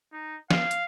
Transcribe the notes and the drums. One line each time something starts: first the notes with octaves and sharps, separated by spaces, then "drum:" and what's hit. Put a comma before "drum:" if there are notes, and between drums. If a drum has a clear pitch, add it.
D#4
F5, drum: snare
drum: hi-hat